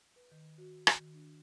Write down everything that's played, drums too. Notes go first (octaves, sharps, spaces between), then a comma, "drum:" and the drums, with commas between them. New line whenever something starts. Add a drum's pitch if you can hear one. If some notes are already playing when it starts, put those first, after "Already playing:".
B4
D#3
F#4
drum: rim click
D#3
D4